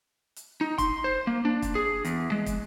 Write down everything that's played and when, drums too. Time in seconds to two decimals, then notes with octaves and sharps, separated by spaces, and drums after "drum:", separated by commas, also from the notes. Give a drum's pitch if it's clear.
0.36 drum: hi-hat
0.61 D#4
0.78 C6, drum: kick, hi-hat
1.04 C5
1.27 A#3
1.45 D4
1.62 drum: kick, hi-hat
1.75 G#4
2.05 E2, drum: hi-hat
2.32 G#3
2.46 drum: kick, hi-hat